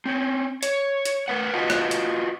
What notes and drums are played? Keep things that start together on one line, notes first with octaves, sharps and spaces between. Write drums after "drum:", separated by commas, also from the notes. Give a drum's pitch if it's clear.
C4 C#4
C#5, drum: hi-hat
drum: hi-hat
A#4 B4 F#5
F4 F#4 B4 D#5 F5 F#5
drum: rim click
drum: hi-hat